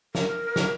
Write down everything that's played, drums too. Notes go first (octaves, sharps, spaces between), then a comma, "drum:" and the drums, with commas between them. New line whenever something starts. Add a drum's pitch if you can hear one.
A#4, drum: snare
drum: snare